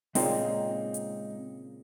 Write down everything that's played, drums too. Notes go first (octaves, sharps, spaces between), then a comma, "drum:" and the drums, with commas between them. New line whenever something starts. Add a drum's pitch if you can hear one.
A#2 C#3 G#3 A#3 C4 D#4 C6, drum: open hi-hat
drum: hi-hat